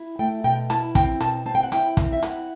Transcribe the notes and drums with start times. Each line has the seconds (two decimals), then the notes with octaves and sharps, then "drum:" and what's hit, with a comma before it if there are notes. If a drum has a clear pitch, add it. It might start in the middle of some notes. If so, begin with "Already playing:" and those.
Already playing: E4
0.19 A3 G5
0.44 B2 G5
0.70 E4 A5, drum: hi-hat
0.95 C4 G5, drum: kick, hi-hat
1.20 B2 A5, drum: hi-hat
1.46 C4 A5
1.55 G5
1.63 F#5
1.72 E4 G5, drum: hi-hat
1.97 C4, drum: kick, hi-hat
2.13 E5
2.23 E4 F#5, drum: hi-hat